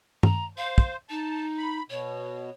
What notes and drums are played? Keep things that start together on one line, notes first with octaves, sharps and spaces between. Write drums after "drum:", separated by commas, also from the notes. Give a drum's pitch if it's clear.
A#5, drum: tom G2
C5 F5
drum: kick
D#4 A5
B5
B2 C#5